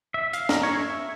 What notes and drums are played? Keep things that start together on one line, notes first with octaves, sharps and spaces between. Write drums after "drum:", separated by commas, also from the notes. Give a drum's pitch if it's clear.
E5
F5, drum: hi-hat
A#4, drum: snare
C#5
E5